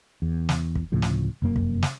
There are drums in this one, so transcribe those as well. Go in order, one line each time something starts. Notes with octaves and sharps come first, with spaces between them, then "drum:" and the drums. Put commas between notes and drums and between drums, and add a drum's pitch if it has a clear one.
E2
drum: snare
drum: kick
D2 A2 C#3 F3
drum: snare
F1 F#2 A#3
drum: kick
drum: snare